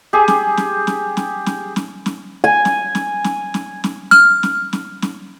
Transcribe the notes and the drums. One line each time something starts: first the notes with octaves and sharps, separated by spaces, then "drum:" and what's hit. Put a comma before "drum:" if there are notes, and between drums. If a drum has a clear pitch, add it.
G4 G#4
drum: snare
drum: snare
drum: snare
drum: snare
drum: snare
drum: snare
drum: snare
G#5
drum: snare
drum: snare
drum: snare
drum: snare
drum: snare
F6, drum: snare
drum: snare
drum: snare
drum: snare